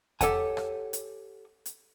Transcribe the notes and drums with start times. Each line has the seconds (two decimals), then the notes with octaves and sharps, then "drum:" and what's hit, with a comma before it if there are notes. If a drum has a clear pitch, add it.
0.21 G4 A4 C#5 F#5 G#5, drum: kick E2, hi-hat
0.57 drum: rim click
0.93 drum: hi-hat
1.66 drum: hi-hat